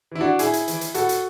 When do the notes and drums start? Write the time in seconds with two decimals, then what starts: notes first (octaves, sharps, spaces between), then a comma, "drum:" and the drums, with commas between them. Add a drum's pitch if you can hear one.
0.11 E3 E4
0.21 D4 F#4
0.39 A2 E4 G#4, drum: hi-hat
0.53 drum: hi-hat
0.68 E3, drum: hi-hat
0.81 drum: hi-hat
0.94 A2 F#4 A4, drum: hi-hat
1.09 drum: hi-hat